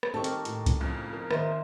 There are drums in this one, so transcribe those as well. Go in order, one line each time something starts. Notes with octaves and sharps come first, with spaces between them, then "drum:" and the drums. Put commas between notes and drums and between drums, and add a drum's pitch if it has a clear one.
drum: rim click
C4 D#4 G4 A4 A#4 C#6
drum: hi-hat
A2, drum: hi-hat
drum: kick C2, hi-hat
F2 G#2 C#3
A#4
D#3 A#4 C5 D#5 E5 C6, drum: rim click